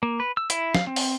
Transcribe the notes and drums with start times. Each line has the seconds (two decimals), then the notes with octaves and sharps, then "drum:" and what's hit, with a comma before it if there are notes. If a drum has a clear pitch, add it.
0.03 A#3
0.20 B4
0.37 E6
0.50 E4, drum: hi-hat
0.75 F5, drum: snare F3
0.87 C4
0.96 drum: open hi-hat